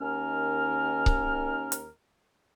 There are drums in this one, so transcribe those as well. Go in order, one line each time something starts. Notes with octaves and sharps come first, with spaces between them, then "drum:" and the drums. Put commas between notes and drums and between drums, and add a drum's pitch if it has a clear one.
D#2 D#3 C#4 A#4 F6
drum: kick C#1
drum: hi-hat